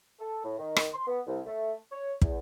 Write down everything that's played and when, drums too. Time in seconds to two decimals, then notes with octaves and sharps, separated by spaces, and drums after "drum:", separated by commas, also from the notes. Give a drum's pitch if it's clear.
0.19 A4
0.43 A2
0.58 D#3
0.76 drum: rim click
0.93 C6
1.06 B3
1.27 C2
1.46 A3
1.91 C#5
2.22 E2, drum: kick